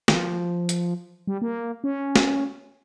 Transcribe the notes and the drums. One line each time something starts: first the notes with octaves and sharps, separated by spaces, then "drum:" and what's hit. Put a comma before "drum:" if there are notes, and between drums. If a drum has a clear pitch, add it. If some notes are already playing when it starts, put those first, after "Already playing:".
D#3, drum: snare
F3
drum: hi-hat
G3
A#3
C#4
drum: snare